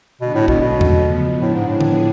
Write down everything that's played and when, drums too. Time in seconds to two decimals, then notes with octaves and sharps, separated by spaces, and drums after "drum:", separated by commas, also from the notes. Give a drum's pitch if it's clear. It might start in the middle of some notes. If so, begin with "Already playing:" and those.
0.20 B2 D3 G#3 B3 D4
0.34 A2
0.48 B2, drum: kick
0.61 B2 D3 F#3 A3 C#4
0.81 drum: tom E2
1.01 C#3 F3 B3
1.40 A2 C#3 G#3 D4
1.55 G#2
1.68 A2
1.81 F3 B3 D4 G#4, drum: tom D3